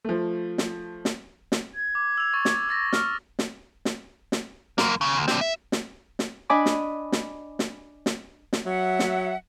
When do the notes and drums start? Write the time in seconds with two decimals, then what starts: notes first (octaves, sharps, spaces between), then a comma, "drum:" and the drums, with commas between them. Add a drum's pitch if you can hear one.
0.05 F3 A3
0.58 drum: snare
1.05 drum: snare
1.52 drum: snare
1.74 G#6
1.95 D6
2.18 E6 F7
2.33 C#6 A6
2.45 drum: snare
2.69 E6 A6 A#6
2.93 F6, drum: snare
3.39 drum: snare
3.85 drum: snare
4.32 drum: snare
4.78 F#2 A#3, drum: snare
5.01 D#2 C#3
5.16 D2
5.28 C4 D4, drum: snare
5.41 E5
5.72 drum: snare
6.19 drum: snare
6.50 D4 D#5 G#5 B5 D6
6.66 drum: snare
7.12 drum: snare
7.59 drum: snare
8.06 drum: snare
8.53 drum: snare
8.66 F#3 E5 F#5
8.99 drum: snare